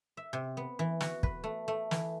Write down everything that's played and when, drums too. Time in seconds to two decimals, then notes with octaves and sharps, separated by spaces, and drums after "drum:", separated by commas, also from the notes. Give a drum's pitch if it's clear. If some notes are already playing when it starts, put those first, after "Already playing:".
0.17 E5
0.33 C3
0.57 B3
0.79 E3
1.01 F#4, drum: snare
1.23 B4, drum: kick
1.44 A3
1.68 A3
1.91 E3, drum: snare